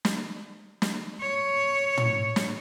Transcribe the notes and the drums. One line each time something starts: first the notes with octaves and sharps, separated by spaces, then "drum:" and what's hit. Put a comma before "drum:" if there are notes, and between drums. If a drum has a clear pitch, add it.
drum: snare
drum: snare
C#5
drum: tom
drum: snare